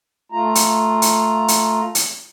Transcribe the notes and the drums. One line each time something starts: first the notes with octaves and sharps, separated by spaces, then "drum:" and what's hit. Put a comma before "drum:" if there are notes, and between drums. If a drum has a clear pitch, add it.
A3 F4 A#5
drum: hi-hat
drum: hi-hat
drum: hi-hat
drum: hi-hat